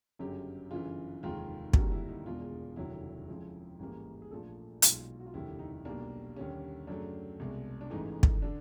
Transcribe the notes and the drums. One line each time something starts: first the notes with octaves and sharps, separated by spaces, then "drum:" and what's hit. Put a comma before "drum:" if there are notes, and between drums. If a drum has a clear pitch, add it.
G1 F#2 C#3 F#3 G4
G1 F#2 C#3 E3 F4
F1 D#2 D#3 G#3 F4
G#1 G2 D3 G3 A#3 F#4, drum: kick
E4
D#4
E1 E2 B2 G#3 F4
F1 D#2 D3 F#3 E4
F2 C#3 F3 G#3
A1 G#2 E3 G3 A#3
G#4
A#1 A#2 F3 A3 A4
B1 B2 G#3 F4, drum: hi-hat
F#4
F4
F1 D#2 D3 G3 E4
D#4
B1 B2 G3 A#3 D4
D#2 D3 G3 C#4
F#2 C#3 F#3 A3 D4
C2 B2 G#3
D4
A1 G#2 E3 A3 D#4
drum: kick
D3 D4